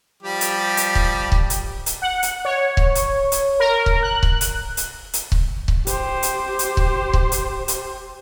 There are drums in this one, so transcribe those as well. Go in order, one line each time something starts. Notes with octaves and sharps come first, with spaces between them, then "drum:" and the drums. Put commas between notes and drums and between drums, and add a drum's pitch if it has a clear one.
F3 G3 G4
drum: hi-hat
drum: hi-hat
drum: kick C#1
drum: kick C#1
drum: hi-hat
drum: hi-hat
F#5
drum: hi-hat
C#5
drum: kick C#1
drum: hi-hat
drum: hi-hat
A#4
drum: kick C#1
F#6
drum: kick C#1
drum: hi-hat
drum: hi-hat
drum: hi-hat
drum: kick C#1
drum: kick C#1
G4 C5, drum: hi-hat
drum: hi-hat
drum: hi-hat
drum: kick C#1
drum: kick C#1
drum: hi-hat
drum: hi-hat